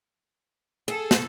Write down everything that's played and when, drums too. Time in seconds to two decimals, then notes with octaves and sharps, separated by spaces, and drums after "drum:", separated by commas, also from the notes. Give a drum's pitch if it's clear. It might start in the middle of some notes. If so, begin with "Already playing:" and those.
0.88 G#4 A4
1.11 drum: snare